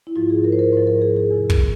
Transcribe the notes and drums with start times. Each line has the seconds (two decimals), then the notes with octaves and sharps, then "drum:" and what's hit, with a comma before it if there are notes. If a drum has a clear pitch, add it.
0.07 E4
0.16 G#2 F3 F4
0.30 G#4
0.44 A#4
0.52 C5
0.59 A#4
0.73 G#2 F3 C5
0.87 A#4
1.02 G#4
1.16 G#4
1.30 E2 C3 F3
1.50 drum: kick